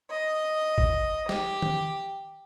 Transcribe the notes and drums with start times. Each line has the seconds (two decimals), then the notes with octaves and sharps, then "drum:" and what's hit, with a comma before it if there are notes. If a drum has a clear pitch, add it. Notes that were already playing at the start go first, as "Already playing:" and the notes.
0.11 D#5
0.78 drum: kick
1.29 G4, drum: snare
1.62 drum: tom D#3